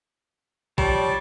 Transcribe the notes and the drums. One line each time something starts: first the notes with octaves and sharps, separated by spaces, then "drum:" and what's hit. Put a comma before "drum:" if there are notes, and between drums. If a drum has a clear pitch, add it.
F3 G3 C#5 A5, drum: kick A1